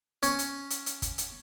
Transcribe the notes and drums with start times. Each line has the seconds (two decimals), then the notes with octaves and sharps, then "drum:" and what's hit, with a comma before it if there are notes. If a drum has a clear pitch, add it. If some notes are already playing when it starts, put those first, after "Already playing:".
0.23 C#4, drum: hi-hat
0.39 drum: hi-hat
0.70 drum: hi-hat
0.86 drum: hi-hat
1.02 drum: kick, hi-hat
1.18 drum: hi-hat